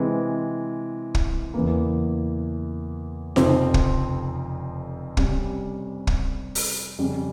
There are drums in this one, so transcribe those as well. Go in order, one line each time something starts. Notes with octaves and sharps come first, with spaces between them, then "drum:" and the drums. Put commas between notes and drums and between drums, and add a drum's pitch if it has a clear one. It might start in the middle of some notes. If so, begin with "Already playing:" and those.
Already playing: C3 E3 G#3 C4
drum: kick
E2 C#3 E3 A#3
F1 F2 C#3 F3 C4, drum: snare D#4
drum: kick
C3 G3 C#4, drum: kick
drum: kick
drum: open hi-hat
F2 C#3 G3 C#4